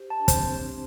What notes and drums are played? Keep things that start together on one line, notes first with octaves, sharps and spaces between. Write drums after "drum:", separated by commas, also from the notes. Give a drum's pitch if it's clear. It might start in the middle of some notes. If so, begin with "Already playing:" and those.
Already playing: G4 C5
A5
D4
C4 C5, drum: kick, hi-hat